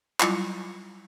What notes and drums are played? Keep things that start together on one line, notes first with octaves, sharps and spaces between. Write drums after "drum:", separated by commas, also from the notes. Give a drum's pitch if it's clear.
F#3 G3 E4 F4, drum: clap